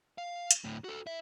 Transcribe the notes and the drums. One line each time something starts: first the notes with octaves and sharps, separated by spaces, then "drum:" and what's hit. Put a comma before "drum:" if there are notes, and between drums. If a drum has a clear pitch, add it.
F5
drum: hi-hat
D2 A2
F#4 A4
E4 E5